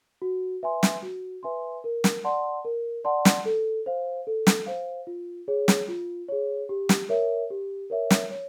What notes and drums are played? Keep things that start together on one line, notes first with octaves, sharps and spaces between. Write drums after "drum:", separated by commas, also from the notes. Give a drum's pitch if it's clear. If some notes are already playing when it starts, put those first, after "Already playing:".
F#4
B4 E5 G#5 C6
drum: snare
F#4
B4 E5 G#5 C6
A#4
drum: snare
D5 F#5 A5 C6
A#4
D5 F#5 A5 C6
drum: snare
A4
C5 F5
A4
drum: snare
C5 F5
F4
G#4 C#5
drum: snare
F4
G#4 C#5
G4
drum: snare
A#4 C#5 E5
G4
A#4 C#5 E5
drum: snare
C#5